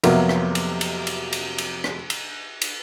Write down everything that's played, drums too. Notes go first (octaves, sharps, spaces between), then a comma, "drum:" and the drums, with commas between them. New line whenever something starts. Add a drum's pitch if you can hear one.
F2 C3 F#3 A#3 B3 E5, drum: cymbal
drum: rim click
drum: cymbal
drum: cymbal
drum: cymbal
drum: cymbal
drum: cymbal
drum: rim click
drum: cymbal
drum: cymbal